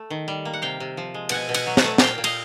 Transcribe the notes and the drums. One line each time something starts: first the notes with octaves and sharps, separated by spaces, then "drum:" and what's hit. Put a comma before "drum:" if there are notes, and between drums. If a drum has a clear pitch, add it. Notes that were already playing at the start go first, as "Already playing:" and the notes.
Already playing: A3
D#3
G3
A#3
F#5
C3 F5 G5
C3
F3
G#3
B2 F#5 G#5, drum: cymbal
B2
F#5 G#5, drum: cymbal
F#3
F#5 G#5, drum: snare
A3
A#2 F5 G5, drum: snare
A#2
D#5 F5, drum: cymbal